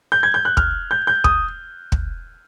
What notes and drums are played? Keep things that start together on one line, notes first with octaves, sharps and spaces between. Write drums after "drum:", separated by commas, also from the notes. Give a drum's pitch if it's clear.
G6
G#6
G6
F#6
F6, drum: kick
G6
G6
D#6, drum: kick
drum: kick